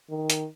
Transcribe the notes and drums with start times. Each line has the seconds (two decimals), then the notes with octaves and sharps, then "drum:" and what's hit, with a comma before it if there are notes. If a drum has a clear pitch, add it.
0.10 D#3
0.30 drum: hi-hat